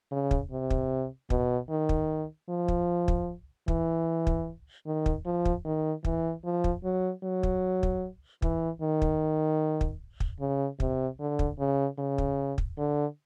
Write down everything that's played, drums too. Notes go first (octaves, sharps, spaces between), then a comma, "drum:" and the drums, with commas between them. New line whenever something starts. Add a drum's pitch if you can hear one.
C#3
drum: kick
C3
drum: kick
B2, drum: kick
D#3
drum: kick
F3
drum: kick
drum: kick
E3, drum: kick
drum: kick
D#3
drum: kick
F3
drum: kick
D#3
E3, drum: kick
F3
drum: kick
F#3
F#3
drum: kick
drum: kick
E3, drum: kick
D#3
drum: kick
drum: kick
drum: kick
C#3
C3, drum: kick
D3
drum: kick
C#3
C#3
drum: kick
drum: kick
D3